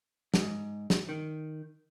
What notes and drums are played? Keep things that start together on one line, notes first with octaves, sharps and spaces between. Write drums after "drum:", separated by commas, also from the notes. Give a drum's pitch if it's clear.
G#2, drum: snare
drum: snare
D#3